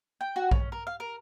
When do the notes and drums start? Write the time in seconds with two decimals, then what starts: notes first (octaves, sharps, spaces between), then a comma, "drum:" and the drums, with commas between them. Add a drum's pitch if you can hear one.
0.21 G5
0.36 F#4
0.51 C#4, drum: kick A#1
0.72 A#4
0.87 F5
1.00 A#4